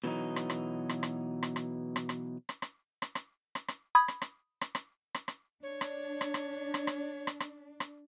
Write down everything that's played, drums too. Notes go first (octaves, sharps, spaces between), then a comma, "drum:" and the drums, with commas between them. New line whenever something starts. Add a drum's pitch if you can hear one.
B2 E3 F#3 D#4
drum: rim click
drum: rim click
drum: rim click
drum: rim click
drum: rim click
drum: rim click
drum: rim click
drum: rim click
drum: rim click
drum: rim click
drum: rim click
drum: rim click
drum: rim click
drum: rim click
B5 D#6 G#6
drum: rim click
drum: rim click
drum: rim click
drum: rim click
drum: rim click
drum: rim click
D4 C#5
drum: rim click
drum: rim click
drum: rim click
drum: rim click
drum: rim click
drum: rim click
drum: rim click
drum: rim click